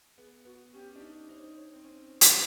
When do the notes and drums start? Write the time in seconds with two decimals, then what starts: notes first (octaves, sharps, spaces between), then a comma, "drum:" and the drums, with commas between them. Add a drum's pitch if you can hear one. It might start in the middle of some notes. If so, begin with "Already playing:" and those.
0.17 B3 G#4
0.45 B3 F#4
0.73 C#4 G4
0.96 D4
1.01 D#4
1.28 D#4 C5
1.37 C#5
1.45 C5
1.56 C#5
1.73 C4
1.84 C#4
2.21 drum: hi-hat